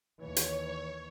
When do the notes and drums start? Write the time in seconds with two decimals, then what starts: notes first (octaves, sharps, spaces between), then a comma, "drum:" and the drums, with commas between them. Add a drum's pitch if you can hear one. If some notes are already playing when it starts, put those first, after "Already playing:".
0.18 D#2 E3 C#5
0.36 drum: hi-hat